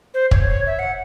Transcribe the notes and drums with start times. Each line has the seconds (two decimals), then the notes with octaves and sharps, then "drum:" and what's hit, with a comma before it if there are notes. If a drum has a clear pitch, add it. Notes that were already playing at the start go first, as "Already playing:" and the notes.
0.14 C5
0.31 C#5, drum: kick
0.49 C#5
0.67 E5
0.79 F#5